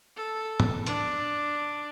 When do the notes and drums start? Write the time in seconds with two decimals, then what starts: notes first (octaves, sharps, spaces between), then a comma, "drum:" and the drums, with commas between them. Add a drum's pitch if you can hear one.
0.16 A4
0.60 drum: tom
0.86 D4, drum: hi-hat